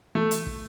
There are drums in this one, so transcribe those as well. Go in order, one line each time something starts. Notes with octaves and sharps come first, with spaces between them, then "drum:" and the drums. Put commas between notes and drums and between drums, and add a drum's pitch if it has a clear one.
A3
drum: hi-hat
drum: kick